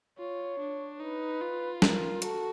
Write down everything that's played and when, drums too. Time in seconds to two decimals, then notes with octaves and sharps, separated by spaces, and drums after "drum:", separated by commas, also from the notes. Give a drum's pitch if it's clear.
0.19 F4 C#5
0.59 D4
1.00 D#4 B4
1.41 F4
1.82 A#4, drum: snare
2.22 F#4 A4, drum: hi-hat